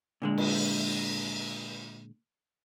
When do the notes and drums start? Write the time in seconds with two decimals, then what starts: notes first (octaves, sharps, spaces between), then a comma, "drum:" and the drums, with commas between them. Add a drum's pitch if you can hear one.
0.22 A#2 D3 G#3
0.38 drum: cymbal